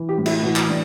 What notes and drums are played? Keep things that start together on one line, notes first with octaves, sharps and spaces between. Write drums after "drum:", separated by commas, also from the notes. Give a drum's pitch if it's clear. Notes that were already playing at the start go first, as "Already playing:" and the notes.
Already playing: E3
G4
A2
E4, drum: cymbal
E3 F#4
drum: clap
A2 D4